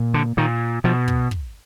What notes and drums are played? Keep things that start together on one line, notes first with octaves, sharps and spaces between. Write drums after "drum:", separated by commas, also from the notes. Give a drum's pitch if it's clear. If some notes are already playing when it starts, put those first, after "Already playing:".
Already playing: A#2
D3
A#2 D#3
B2 F3
drum: kick
drum: kick